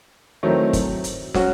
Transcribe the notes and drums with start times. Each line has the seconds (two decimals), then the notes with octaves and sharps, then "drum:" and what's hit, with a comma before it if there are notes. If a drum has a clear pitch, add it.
0.43 D#3 F#3 A3 C4 E4
0.73 drum: kick, hi-hat
1.04 drum: hi-hat
1.34 F#3 C#4 F#4, drum: snare